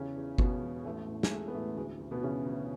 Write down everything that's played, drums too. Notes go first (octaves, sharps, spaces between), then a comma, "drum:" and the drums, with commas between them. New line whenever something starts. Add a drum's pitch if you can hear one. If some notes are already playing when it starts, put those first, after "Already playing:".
Already playing: E2 C#3 C#4
E2
B2 B3, drum: kick G1
E1
A1 A3
A2
G#3, drum: snare
A1 A3
B3
A1 A3
D2 G#3
D2
B2 B3
C#3 E3 C#4
D2